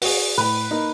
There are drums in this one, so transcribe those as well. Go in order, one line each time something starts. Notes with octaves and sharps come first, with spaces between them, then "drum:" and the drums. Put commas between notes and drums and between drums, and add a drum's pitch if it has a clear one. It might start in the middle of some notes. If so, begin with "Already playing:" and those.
F#4 G#4, drum: open hi-hat
A2 B4 B5
A#3 D#4